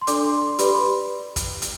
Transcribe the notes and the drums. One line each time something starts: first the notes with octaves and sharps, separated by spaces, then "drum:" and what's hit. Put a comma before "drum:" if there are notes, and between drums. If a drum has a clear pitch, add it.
C6
D4 A4 D5 D6, drum: hi-hat
C6
C6
G4 B4 D5 B5, drum: hi-hat
B5
drum: kick, hi-hat
drum: hi-hat